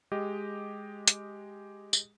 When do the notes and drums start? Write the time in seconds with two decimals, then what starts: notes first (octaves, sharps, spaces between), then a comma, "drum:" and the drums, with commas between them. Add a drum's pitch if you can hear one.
0.12 G#3 G4 D#5
1.08 drum: hi-hat
1.93 drum: tambourine